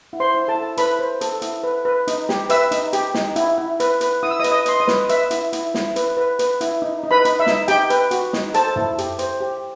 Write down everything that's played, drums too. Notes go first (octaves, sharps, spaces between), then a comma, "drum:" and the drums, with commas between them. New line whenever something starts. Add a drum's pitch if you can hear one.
E4
C5 C6
E4
A4 A5
E4
E4 B4 B5, drum: hi-hat
C5
A4, drum: hi-hat
E4, drum: hi-hat
B4
B4
D#4, drum: hi-hat
G4, drum: snare
B4 E5 E6, drum: hi-hat
D#4, drum: hi-hat
G4, drum: hi-hat
D#4, drum: snare
E4, drum: hi-hat
E4
B4, drum: hi-hat
B4, drum: hi-hat
E4 D#6
E6
D#5 D#6
B4, drum: hi-hat
D#5 D#6
B4 C6, drum: hi-hat
D#5 D#6
B4, drum: snare
B4 E5 E6, drum: hi-hat
E4, drum: hi-hat
E4, drum: hi-hat
E4, drum: snare
B4, drum: hi-hat
B4
B4, drum: hi-hat
E4, drum: hi-hat
D#4
D#4
B4 B5
D#4, drum: hi-hat
E5
D#4, drum: snare
D#4 G4 G5, drum: hi-hat
B4, drum: hi-hat
F#4, drum: hi-hat
D#4, drum: snare
A4 C5 A5, drum: hi-hat
E4, drum: tom
G4, drum: hi-hat
C5, drum: hi-hat
G4